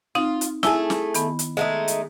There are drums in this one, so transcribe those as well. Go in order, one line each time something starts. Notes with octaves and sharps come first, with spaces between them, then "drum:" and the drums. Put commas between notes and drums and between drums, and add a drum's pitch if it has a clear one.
C4 D#4 F4
drum: hi-hat
A3 E4 G#4 G#5 A5, drum: snare
drum: snare
D#3 B3, drum: hi-hat
drum: hi-hat
G#3 A3 D#4
drum: hi-hat